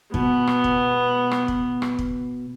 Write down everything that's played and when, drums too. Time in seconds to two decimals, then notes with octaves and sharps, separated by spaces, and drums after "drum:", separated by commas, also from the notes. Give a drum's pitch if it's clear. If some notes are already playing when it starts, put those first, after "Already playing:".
0.14 B2 B3, drum: kick
0.47 drum: rim click
0.64 drum: kick
1.31 drum: rim click
1.48 drum: kick
1.82 drum: rim click
1.99 drum: kick